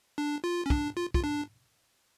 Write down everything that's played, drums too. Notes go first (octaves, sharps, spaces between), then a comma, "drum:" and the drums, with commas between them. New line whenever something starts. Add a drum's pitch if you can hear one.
D4
F4
C#4
D4, drum: kick
F4
F4, drum: kick
D4